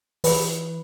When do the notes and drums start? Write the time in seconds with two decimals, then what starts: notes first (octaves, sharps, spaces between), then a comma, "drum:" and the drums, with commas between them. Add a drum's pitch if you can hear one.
0.24 E3 B4, drum: open hi-hat